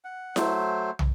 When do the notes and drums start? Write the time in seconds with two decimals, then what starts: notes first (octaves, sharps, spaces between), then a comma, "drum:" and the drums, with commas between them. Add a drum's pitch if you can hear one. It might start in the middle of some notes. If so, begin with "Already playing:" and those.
0.05 F#5
0.36 F#3 A3 C5, drum: snare E4
0.99 drum: tom